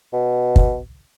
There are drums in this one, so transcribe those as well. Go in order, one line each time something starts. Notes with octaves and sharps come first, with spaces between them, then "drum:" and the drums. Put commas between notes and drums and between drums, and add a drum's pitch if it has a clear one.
B2
drum: kick